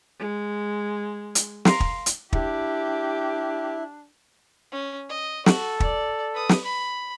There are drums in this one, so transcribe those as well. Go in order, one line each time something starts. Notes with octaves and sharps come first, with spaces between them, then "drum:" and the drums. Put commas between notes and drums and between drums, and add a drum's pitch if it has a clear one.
G#3
drum: hi-hat
A#4 F5 C6, drum: snare
drum: kick
drum: hi-hat
D4 E4 G4, drum: kick
C#4
D#5
F#4 A4, drum: snare
D5, drum: kick
B4 D#6
drum: snare
B5